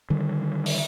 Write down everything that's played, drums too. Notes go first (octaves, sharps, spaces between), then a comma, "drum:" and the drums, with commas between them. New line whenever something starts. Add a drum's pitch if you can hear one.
D3 D#3 G3
drum: open hi-hat